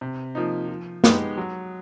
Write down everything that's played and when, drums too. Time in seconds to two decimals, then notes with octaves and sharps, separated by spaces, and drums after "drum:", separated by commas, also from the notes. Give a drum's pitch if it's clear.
0.01 C3
0.35 F3 A#3 D#4
0.69 F3
1.04 G#3 B3 D#4 G4, drum: snare
1.37 F#3